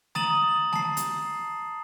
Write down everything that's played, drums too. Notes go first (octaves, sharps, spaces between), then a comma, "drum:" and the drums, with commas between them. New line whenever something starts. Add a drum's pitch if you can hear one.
A#5 D#6 A6 D#7 E7 F#7, drum: snare A3
A5 C7, drum: snare A3
drum: hi-hat